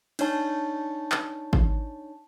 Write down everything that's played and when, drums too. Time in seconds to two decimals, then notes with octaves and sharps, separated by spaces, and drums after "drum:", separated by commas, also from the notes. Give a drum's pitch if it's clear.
0.19 D4 D#4 C#5 A5, drum: cymbal
1.12 drum: clap
1.53 drum: kick G#1